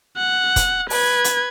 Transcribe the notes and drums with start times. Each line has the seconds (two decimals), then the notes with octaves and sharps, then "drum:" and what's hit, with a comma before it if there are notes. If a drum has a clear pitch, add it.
0.17 F#5
0.56 drum: kick, hi-hat
0.90 B4 G#6, drum: open hi-hat
1.24 drum: hi-hat